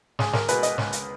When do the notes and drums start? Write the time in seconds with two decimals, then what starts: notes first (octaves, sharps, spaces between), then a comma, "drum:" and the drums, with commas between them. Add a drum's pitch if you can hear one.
0.19 C#2 G#4, drum: snare
0.33 A#4, drum: snare
0.48 B2 G#3 B4, drum: hi-hat
0.63 D#5, drum: hi-hat
0.78 C#2, drum: snare
0.92 drum: hi-hat